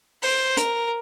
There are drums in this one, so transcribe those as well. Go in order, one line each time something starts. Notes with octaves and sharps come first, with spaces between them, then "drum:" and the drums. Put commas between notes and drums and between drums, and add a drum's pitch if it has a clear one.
C5, drum: open hi-hat
A#4, drum: hi-hat